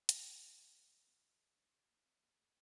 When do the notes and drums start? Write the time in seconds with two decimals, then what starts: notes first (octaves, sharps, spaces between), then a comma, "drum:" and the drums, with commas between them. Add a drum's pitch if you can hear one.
0.09 A#3, drum: hi-hat
0.25 C4
0.41 D4
1.07 C4
1.23 D4
1.82 A3
1.88 A#3
2.04 C4
2.21 A#3
2.37 A3